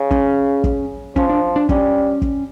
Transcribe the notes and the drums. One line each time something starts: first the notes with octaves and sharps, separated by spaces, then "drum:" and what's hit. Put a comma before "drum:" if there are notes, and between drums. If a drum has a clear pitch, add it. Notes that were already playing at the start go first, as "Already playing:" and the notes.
Already playing: C#3
C#4, drum: kick
drum: kick
F3 C#4, drum: kick
D4
D4
G3 C#4, drum: kick
drum: kick